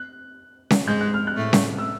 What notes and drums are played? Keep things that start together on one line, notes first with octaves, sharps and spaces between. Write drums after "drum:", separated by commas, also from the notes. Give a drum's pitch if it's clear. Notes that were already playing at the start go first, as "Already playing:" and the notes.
Already playing: F#6
drum: snare C#4
G#2 G#3 G6
F#6
F6
F#6
A2 A3
drum: snare C#4
E6